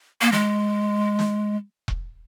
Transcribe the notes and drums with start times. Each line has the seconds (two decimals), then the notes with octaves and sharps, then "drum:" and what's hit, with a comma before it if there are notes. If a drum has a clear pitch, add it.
0.21 A#3
0.32 G#3, drum: snare
1.19 drum: snare
1.88 drum: kick E1